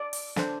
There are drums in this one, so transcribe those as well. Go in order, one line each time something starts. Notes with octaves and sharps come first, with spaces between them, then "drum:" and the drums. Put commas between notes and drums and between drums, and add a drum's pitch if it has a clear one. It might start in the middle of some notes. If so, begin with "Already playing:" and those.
Already playing: D5
drum: open hi-hat
D4 A4 C5, drum: snare